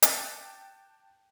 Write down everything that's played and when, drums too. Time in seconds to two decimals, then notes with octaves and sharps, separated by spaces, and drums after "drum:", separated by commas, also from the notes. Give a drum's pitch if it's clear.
0.03 G5 A5 D6 F#6 A6 C#7, drum: hi-hat